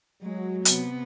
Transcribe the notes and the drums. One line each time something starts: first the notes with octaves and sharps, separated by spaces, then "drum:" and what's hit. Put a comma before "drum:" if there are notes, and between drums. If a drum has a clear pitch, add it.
F#3 G#3
C3 B3, drum: hi-hat